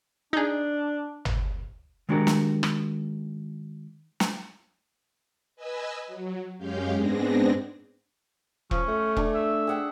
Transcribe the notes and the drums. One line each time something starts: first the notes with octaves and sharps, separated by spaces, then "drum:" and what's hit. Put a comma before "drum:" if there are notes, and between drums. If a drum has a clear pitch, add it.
D4 D#4 G#4
drum: tom
D#3 G#3 D4 F#4 G4 A#4
drum: snare
drum: rim click
drum: snare
B4 D#5 G#5 E6
F#3
F#2 G#3 C#4 G4 F5 G5
G#2 G#3 B3 C4 D4 A#6
F3 C#4, drum: kick E1
A3
D4 G#5 C#6, drum: kick E1
E5
G#4 F#5 G5